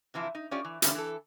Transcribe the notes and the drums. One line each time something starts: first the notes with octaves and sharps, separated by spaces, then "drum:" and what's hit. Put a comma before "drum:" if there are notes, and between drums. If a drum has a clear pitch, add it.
C3 E3 F3 E4
D#4
C#4 F4 G4 C#5 D5
E3
D3 E3 G3 A3 A#3 C#4, drum: hi-hat
E3 A4